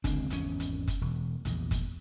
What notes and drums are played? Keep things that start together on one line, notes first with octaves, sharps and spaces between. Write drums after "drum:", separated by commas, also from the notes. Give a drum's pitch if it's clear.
C#2 D3 C4 D4, drum: kick F#1, hi-hat
G#1 E2 B2 C#4, drum: hi-hat
drum: hi-hat
drum: kick F#1, hi-hat
E1
A#1 E2, drum: hi-hat
drum: kick F#1, hi-hat